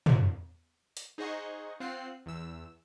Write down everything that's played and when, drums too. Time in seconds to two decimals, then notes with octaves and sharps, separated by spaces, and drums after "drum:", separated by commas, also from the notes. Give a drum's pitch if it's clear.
0.06 drum: tom
0.97 drum: hi-hat
1.18 D#4 G#4 C5 D#5 F#5 C#6
1.80 C4 F4 C5 F#5 F#6 C7
2.26 E2 E6